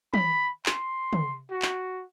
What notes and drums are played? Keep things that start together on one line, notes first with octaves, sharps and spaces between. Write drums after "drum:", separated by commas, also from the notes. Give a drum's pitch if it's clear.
B5, drum: tom
C6, drum: clap
drum: tom
F#4
drum: clap